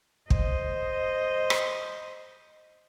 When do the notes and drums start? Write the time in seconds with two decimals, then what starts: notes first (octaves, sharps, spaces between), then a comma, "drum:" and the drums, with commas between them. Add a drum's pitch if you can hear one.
0.30 C5 D#5, drum: kick
1.50 drum: rim click